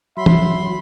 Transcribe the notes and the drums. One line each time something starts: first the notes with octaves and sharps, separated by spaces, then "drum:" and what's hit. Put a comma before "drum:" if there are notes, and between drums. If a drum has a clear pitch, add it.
F#3 E5 B5 C6
drum: tom